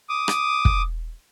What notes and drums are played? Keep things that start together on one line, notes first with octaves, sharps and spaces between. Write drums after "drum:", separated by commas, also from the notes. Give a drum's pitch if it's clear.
D6 D#6
drum: rim click
drum: kick